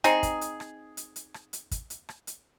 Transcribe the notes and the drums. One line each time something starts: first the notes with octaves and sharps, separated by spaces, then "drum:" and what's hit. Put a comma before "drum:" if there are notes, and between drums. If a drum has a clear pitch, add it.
C4 D#4 G#4, drum: hi-hat
drum: kick, hi-hat
drum: hi-hat
drum: rim click
drum: hi-hat
drum: hi-hat
drum: rim click
drum: hi-hat
drum: kick, hi-hat
drum: hi-hat
drum: rim click
drum: hi-hat